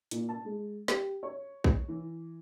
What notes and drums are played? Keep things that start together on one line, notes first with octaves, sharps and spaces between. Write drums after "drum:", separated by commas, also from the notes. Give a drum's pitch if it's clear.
A#2, drum: hi-hat
A5
G#3
G4, drum: snare
C#5
drum: kick
E3